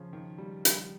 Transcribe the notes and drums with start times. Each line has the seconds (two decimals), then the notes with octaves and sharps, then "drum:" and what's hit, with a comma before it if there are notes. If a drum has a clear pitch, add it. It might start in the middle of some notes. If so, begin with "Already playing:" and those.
Already playing: C#3 F3
0.13 D#3
0.38 G3
0.65 G3, drum: hi-hat